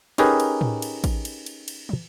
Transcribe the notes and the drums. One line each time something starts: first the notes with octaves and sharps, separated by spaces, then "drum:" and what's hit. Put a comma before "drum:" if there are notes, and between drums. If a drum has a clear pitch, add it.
C#4 D#4 G4 G#4 A#4 B4, drum: cymbal
drum: cymbal
drum: tom A2
drum: cymbal
drum: kick A1, cymbal
drum: cymbal
drum: cymbal
drum: cymbal
drum: tom